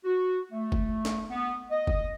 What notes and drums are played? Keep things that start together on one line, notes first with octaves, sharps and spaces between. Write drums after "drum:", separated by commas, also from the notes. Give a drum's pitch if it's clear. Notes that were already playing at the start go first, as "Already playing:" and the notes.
F#4
A3
drum: kick
drum: snare
B3
D#5
drum: kick